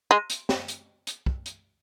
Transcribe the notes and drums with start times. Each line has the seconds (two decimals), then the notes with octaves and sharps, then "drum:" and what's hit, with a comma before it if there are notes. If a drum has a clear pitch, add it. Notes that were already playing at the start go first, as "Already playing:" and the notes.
0.11 G#3
0.30 drum: hi-hat
0.49 drum: snare
0.68 drum: hi-hat
1.07 drum: hi-hat
1.26 drum: kick
1.46 drum: hi-hat